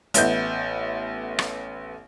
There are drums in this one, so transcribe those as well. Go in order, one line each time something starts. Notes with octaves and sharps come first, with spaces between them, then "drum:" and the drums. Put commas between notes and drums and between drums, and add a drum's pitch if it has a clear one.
A1 A3 B3 G6, drum: hi-hat
drum: rim click